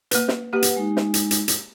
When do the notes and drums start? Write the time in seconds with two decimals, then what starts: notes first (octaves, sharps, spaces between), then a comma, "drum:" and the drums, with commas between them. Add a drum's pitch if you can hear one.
0.11 A#3 B4, drum: hi-hat
0.28 drum: snare
0.53 A#3 G4 B4 F#5
0.62 drum: hi-hat
0.77 G#3 D#4
0.97 drum: snare
1.14 drum: hi-hat
1.31 drum: hi-hat
1.48 drum: hi-hat